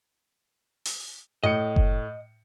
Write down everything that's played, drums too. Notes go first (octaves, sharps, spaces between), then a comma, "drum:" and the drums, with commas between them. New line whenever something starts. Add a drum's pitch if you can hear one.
drum: open hi-hat
A2 D#5 C#7
drum: kick F#1